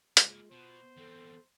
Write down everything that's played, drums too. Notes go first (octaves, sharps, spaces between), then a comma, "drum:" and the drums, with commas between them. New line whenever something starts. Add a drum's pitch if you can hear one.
G#3 A#3 E4 F4, drum: hi-hat
B2 B3 C5
E2 C4 A4